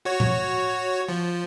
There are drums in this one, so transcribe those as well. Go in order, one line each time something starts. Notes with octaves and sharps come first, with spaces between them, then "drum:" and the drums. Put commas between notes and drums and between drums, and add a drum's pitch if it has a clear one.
F#4 C#5
drum: tom A2
F3